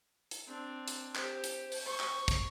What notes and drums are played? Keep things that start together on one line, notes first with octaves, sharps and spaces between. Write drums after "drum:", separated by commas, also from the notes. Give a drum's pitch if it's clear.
drum: hi-hat
C4 D4
drum: hi-hat
G4 C5, drum: clap
drum: hi-hat
drum: open hi-hat
C#6
drum: clap
drum: kick, hi-hat